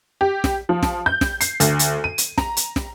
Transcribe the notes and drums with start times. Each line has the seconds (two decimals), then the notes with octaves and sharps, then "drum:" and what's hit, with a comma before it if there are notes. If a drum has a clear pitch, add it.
0.21 G4
0.44 drum: snare
0.69 F3
0.83 drum: snare
1.06 G6
1.21 drum: snare
1.41 C7, drum: hi-hat
1.60 D2, drum: hi-hat
1.79 drum: hi-hat
2.04 D#7
2.18 drum: hi-hat
2.38 A#5, drum: snare
2.57 drum: hi-hat
2.76 drum: snare